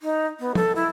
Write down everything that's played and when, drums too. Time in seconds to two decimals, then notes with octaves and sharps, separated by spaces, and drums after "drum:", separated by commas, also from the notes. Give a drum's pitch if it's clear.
0.01 D#4
0.40 B3
0.55 A4, drum: tom F3
0.75 E4